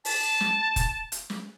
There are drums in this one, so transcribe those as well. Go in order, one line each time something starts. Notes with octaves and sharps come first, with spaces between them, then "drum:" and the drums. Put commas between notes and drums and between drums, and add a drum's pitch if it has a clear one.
A5, drum: open hi-hat
drum: snare
drum: kick, hi-hat
drum: hi-hat
drum: snare